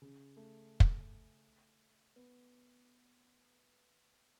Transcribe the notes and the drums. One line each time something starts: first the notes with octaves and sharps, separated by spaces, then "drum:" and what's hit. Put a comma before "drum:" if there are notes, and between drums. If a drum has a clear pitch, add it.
C#3
A3
drum: kick
B3